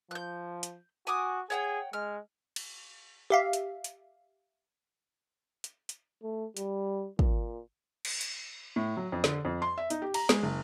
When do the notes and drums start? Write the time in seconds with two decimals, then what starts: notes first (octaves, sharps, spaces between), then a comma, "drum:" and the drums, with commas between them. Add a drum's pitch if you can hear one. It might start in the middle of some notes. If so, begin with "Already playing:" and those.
0.11 F3 F#6 G6
0.63 drum: hi-hat
1.07 F#4 G#5 D6 D#6
1.50 G#4 C#5 F#5 G5
1.93 G#3 F6
2.56 drum: cymbal
3.30 G4 E5 F5
3.53 drum: hi-hat
3.84 drum: hi-hat
5.64 drum: hi-hat
5.89 drum: hi-hat
6.23 A3
6.57 G3, drum: hi-hat
7.19 A#2, drum: kick
8.05 drum: cymbal
8.21 drum: hi-hat
8.76 A2
8.97 F#3
9.12 F2
9.24 D3, drum: snare
9.45 F2
9.62 C6
9.78 E5
9.90 D#4, drum: hi-hat
10.02 G4
10.14 A#5, drum: cymbal
10.29 G#3, drum: snare
10.43 F#1